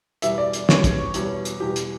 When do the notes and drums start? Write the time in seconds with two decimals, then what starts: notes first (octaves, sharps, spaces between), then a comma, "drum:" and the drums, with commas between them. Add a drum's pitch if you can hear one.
0.22 E2 B2 G3 E5, drum: hi-hat
0.38 D5
0.53 drum: hi-hat
0.69 E2 B2 G3 C#5, drum: snare
0.84 drum: kick, hi-hat
1.14 E2 B2 G3, drum: hi-hat
1.45 drum: hi-hat
1.60 E2 B2 G3 G4
1.76 drum: hi-hat